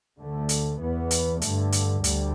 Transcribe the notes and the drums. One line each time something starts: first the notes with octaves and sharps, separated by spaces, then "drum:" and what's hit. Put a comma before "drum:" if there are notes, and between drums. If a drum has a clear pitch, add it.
D2 D3 A3
drum: hi-hat
E2 E3 B3
drum: hi-hat
G2 D3 A3, drum: hi-hat
drum: hi-hat
D2 D3 G3, drum: hi-hat